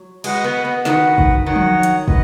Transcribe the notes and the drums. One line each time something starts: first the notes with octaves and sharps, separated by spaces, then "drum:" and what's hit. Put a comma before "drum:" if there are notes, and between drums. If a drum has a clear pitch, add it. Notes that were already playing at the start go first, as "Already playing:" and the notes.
Already playing: F#3
G#3 F#4 B4 D#5 F#5, drum: cymbal
B3
B3
D#3 F#4 B4 F#5, drum: snare
drum: kick
D#3 F#4 C#5 F#5
drum: tom F3
drum: hi-hat
B4 D#5, drum: kick